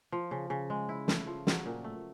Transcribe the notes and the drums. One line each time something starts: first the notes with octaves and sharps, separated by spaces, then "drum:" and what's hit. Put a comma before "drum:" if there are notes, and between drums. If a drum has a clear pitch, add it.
F3
C#3
C#3
G#3
E4
A3, drum: snare
F3
F#3, drum: snare
A#2
A3